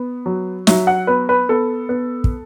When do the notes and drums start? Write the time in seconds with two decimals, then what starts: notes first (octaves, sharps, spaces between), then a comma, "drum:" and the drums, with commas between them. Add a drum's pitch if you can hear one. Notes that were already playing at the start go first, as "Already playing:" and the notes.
Already playing: B3
0.26 F#3
0.67 F#3 E5, drum: snare
0.87 F#5
1.07 B3 B4
1.29 B4
1.49 B3 A4
1.89 B3
2.24 drum: kick